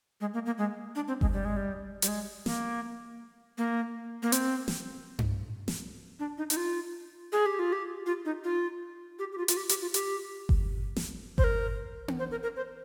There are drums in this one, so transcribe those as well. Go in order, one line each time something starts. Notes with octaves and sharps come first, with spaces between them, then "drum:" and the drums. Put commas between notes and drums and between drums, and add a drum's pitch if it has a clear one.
G#3
A#3
A#3
G#3
D4
C4
G#3, drum: kick G1
G3
G#3
G3
G3, drum: hi-hat
G#3
A#3, drum: snare
A#3
A#3
C4, drum: hi-hat
drum: snare
drum: tom G2
drum: snare
D4
D#4
D#4, drum: hi-hat
F4
G#4
G4
F4
G4
F4
D#4
F4
G4
G4
F4
F4, drum: hi-hat
G4
G4, drum: hi-hat
F4
G4, drum: hi-hat
drum: kick G1
drum: snare
C5, drum: kick G1
A#4
drum: tom B3
C5
A#4
A#4
C5